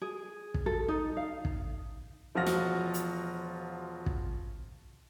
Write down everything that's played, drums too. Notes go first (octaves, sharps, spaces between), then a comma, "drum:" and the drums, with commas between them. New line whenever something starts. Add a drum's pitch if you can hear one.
G#4
drum: kick
A4
D#4
F5
drum: kick
E1 F3 F4 F#4 F6 A#6
drum: snare
drum: hi-hat
drum: kick